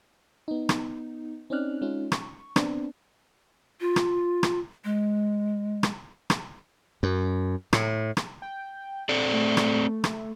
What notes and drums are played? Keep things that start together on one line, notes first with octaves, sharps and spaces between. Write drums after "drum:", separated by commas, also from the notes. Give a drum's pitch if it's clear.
B3 D#4
drum: rim click
C4 C#4 D#4 D5 F6 F#6
G#3 C#4 D#4 F4
C#6, drum: rim click
B3 C4 D4, drum: rim click
F4
drum: rim click
drum: rim click
G#3
drum: rim click
drum: rim click
F#2
A2, drum: rim click
drum: rim click
G5
C4 A4 D5
A3
drum: rim click
drum: rim click